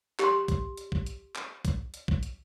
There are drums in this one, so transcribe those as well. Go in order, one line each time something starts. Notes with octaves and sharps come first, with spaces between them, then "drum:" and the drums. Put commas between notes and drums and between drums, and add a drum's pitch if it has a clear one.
G4 C6, drum: clap
drum: kick, hi-hat
drum: hi-hat
drum: kick
drum: hi-hat
drum: clap
drum: kick, hi-hat
drum: hi-hat
drum: kick
drum: hi-hat